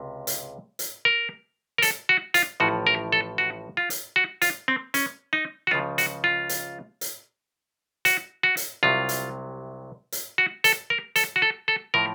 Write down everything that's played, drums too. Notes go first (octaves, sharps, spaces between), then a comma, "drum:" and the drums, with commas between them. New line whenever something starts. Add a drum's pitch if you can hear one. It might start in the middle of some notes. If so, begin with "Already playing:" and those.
Already playing: C#2 C3
drum: hi-hat
drum: hi-hat
A#4
A#4
A4, drum: hi-hat
F#4
F4, drum: hi-hat
A1 A2 F3 F#4
A#4
A4
F#4
F4
drum: hi-hat
F#4
F4, drum: hi-hat
C4
C#4, drum: hi-hat
D#4
F#4
C#2 C#3 F3 F4
F#4, drum: hi-hat
F4
drum: hi-hat
drum: hi-hat
F#4, drum: hi-hat
F#4
drum: hi-hat
C2 C3 F#3 F4
drum: hi-hat
drum: hi-hat
F#4
A4, drum: hi-hat
A#4
A4, drum: hi-hat
F#4
A4
A4
A2 F3 A#4